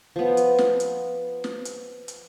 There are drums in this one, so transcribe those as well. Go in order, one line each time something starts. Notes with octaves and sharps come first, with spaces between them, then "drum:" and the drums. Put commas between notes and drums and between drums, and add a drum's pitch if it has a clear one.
F3 B3
drum: hi-hat
drum: snare
drum: hi-hat
drum: snare
drum: hi-hat
drum: hi-hat